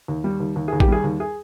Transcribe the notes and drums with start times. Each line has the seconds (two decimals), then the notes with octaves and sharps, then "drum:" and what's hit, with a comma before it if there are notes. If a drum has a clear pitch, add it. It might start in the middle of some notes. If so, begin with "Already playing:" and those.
0.08 D#2
0.24 G3
0.40 D#2
0.56 D#2
0.68 D#2 G#4
0.80 G4, drum: kick
0.88 G3 G#4
1.04 D#2
1.20 G#4